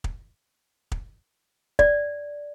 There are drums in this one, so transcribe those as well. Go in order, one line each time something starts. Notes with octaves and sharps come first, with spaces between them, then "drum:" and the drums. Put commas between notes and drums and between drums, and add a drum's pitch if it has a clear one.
drum: kick
drum: kick
D5, drum: kick